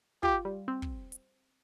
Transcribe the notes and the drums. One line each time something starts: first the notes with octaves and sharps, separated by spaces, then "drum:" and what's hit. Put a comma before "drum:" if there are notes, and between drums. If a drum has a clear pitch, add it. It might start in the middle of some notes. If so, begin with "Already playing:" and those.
F4 G4, drum: kick
G3
C4
drum: kick
drum: hi-hat